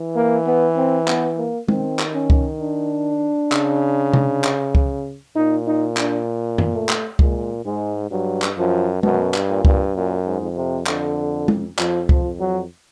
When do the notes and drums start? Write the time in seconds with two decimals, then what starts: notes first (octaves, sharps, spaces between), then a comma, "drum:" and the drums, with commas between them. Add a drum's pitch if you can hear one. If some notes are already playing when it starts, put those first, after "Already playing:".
Already playing: E3
0.16 A#3
0.46 B3
0.77 C4
1.08 B3, drum: clap
1.38 A#3
1.69 D#3 C4, drum: tom
1.99 drum: clap
2.14 C#4
2.30 drum: kick C#2
2.60 D4
3.52 C#3, drum: clap
4.13 drum: tom C3
4.44 drum: clap
4.75 drum: kick C#2
5.36 A#2 D#4
5.67 D#4
5.97 D4, drum: clap
6.58 drum: tom F#2
6.74 A3
6.89 drum: clap
7.19 A#2 G#3, drum: kick C#2
7.65 G#2 G#3
8.11 G2 F#3
8.42 drum: clap
8.58 F#2 F3
9.03 F#2 B2, drum: tom
9.34 G2, drum: clap
9.50 A#2
9.65 G2, drum: kick C#2
9.95 F#2 A#2
10.26 G#2
10.41 F2
10.56 C3
10.87 F2 D3, drum: clap
11.48 drum: tom
11.79 F2 F3, drum: clap
12.09 F3, drum: kick C#2
12.25 F2
12.40 F#3